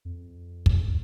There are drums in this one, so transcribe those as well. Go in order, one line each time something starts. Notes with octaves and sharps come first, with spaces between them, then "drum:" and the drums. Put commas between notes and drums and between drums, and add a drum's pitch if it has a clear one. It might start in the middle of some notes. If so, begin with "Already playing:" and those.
F2
drum: kick